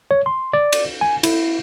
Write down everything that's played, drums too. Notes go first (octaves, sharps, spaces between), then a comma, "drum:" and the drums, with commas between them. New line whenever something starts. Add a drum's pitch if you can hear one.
C#5
C6
D5
drum: cymbal
G#5
E4, drum: cymbal